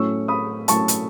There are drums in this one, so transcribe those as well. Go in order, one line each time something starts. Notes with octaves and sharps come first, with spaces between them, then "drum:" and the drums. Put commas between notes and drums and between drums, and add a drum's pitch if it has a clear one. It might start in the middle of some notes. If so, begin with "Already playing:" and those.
Already playing: A2 F#3 A3 C#4 C#6 E6
B5 D#6
A2 F#3 A3 C#4 A5 C#6, drum: hi-hat
drum: hi-hat